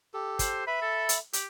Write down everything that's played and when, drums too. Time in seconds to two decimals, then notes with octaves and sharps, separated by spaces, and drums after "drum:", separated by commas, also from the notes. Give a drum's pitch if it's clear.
0.14 G4 A4
0.39 C5, drum: kick, hi-hat
0.67 B4 E5 B5
0.82 A4
1.09 drum: hi-hat
1.33 G4, drum: hi-hat